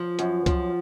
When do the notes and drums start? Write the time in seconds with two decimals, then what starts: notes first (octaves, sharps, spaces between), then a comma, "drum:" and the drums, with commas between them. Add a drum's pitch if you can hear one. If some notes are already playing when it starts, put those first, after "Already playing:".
Already playing: F3
0.19 F#2, drum: hi-hat
0.46 F3, drum: kick C2, hi-hat